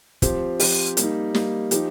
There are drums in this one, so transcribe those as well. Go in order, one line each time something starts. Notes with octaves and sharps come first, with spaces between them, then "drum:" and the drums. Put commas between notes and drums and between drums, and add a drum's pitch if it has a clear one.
F3 C4 G4, drum: kick, hi-hat
F3 C4 G4, drum: open hi-hat
G3 A#3 D#4, drum: hi-hat
G3 A#3 D#4, drum: snare
F3 D#4 G4, drum: hi-hat